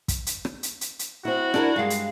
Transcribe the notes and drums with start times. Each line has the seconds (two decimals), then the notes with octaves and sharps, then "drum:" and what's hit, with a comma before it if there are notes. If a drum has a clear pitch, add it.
0.08 drum: kick, hi-hat
0.27 drum: hi-hat
0.45 drum: rim click
0.63 drum: hi-hat
0.81 drum: hi-hat
0.99 drum: hi-hat
1.25 C4 E4 F#4
1.54 D4 E4 A4 A#4, drum: rim click
1.76 G2 G#3 F5
1.90 drum: hi-hat